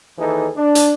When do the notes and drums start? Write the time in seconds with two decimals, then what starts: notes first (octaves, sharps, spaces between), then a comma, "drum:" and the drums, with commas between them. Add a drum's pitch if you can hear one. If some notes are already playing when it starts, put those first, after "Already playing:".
0.18 D#2 E3 D#4 G#4 A4
0.57 D4
0.75 drum: hi-hat